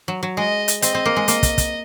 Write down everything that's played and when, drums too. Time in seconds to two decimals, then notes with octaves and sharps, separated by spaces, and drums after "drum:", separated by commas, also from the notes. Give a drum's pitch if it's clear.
0.08 F#3
0.23 F#3
0.37 G#3 D#5
0.68 drum: hi-hat
0.82 C4 D#5, drum: hi-hat
0.95 C4
1.06 A#3
1.16 G#3
1.28 A#3, drum: hi-hat
1.43 drum: kick, hi-hat
1.58 drum: kick, hi-hat